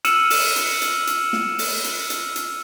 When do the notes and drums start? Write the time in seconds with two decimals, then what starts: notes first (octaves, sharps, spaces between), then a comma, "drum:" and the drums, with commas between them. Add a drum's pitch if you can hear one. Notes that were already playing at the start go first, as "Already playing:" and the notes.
0.05 E6 F6 C#7 D#7 E7 F#7, drum: hi-hat
0.30 drum: open hi-hat
0.56 drum: hi-hat
0.82 drum: hi-hat
1.07 drum: hi-hat
1.33 drum: snare
1.59 drum: open hi-hat
1.84 drum: hi-hat
2.10 drum: hi-hat
2.36 drum: hi-hat